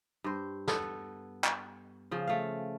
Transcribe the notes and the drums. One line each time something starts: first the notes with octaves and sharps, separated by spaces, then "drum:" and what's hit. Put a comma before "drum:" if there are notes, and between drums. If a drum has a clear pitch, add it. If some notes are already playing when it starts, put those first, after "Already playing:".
G2 C5
B3 A4, drum: snare
drum: clap
C#3 F3
A3 F5